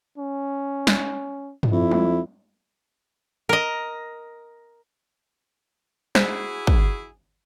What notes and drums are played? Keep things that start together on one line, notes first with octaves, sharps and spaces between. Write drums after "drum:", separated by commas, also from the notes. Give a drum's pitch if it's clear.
C#4
drum: snare
drum: tom
F2 E4
drum: tom
A#4 D#5
E4 F#4 G#4 C5 F#6 B6, drum: snare
drum: kick